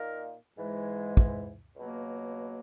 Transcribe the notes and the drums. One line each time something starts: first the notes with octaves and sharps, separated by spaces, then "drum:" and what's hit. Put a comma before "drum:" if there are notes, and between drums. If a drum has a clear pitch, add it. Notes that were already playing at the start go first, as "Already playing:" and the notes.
Already playing: A#2 A#3 D#4 A#4
G#2 E3 G#3
drum: kick
C#2 B2 F#3 A#3